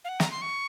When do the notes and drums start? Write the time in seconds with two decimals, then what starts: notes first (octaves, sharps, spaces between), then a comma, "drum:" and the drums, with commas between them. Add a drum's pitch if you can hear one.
0.05 F5
0.09 F#5
0.20 A#5, drum: snare
0.31 C6
0.42 C#6